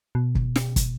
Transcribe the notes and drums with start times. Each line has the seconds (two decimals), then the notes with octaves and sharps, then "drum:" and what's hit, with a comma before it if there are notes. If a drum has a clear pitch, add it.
0.15 B2
0.35 drum: kick
0.56 drum: snare
0.76 drum: kick, hi-hat